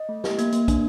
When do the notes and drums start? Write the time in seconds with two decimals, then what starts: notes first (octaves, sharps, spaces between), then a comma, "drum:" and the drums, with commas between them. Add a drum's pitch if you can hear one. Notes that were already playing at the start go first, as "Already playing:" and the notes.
Already playing: D#5
0.09 A3
0.24 G4, drum: snare E4
0.38 A#3, drum: hi-hat
0.52 A#3, drum: hi-hat
0.68 D4, drum: kick, hi-hat